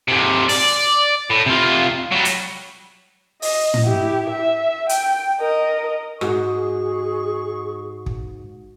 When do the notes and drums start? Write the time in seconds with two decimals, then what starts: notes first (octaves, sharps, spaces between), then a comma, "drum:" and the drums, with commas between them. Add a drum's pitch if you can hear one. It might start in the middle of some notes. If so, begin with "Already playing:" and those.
0.08 G#2 C3
0.49 D5, drum: open hi-hat
1.30 A2
1.46 C3 F4
2.12 F#3 G3
2.25 drum: hi-hat
3.42 D#5, drum: open hi-hat
3.74 drum: tom
3.84 E4 G4
4.31 E5
4.89 G5, drum: hi-hat
5.40 A#4 D#5
6.21 G#2 F#4 G#4 C#6, drum: rim click
8.06 drum: kick